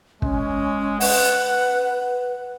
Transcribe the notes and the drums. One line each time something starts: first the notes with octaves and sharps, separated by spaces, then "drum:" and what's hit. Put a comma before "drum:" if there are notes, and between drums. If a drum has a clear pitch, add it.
G#3 C#4, drum: kick
B4 F#5, drum: open hi-hat